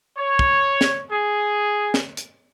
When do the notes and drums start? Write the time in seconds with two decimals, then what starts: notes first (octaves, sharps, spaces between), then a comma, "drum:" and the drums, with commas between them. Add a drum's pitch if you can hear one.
0.17 C#5
0.39 drum: kick
0.81 drum: snare
1.11 G#4
1.94 drum: snare
2.17 drum: hi-hat